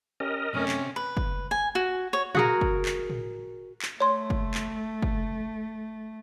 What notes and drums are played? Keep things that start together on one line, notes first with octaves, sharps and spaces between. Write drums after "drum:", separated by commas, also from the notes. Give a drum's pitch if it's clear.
C#4 G4 A#4 D#5
F#2 C3 A3 C#4
drum: clap
B4
drum: kick
G#5
F#4
C#5
F#4 G#4 A#4, drum: tom A#2
drum: kick
drum: clap
drum: tom A2
drum: clap
A3 C#5 C6
drum: kick
drum: clap
drum: kick